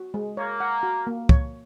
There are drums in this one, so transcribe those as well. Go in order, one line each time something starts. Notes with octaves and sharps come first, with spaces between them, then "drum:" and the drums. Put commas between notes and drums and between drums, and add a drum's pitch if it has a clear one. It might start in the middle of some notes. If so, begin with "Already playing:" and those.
Already playing: F#4
G#3
A#3 C#5
F#5
F#4
A#3
C#5, drum: kick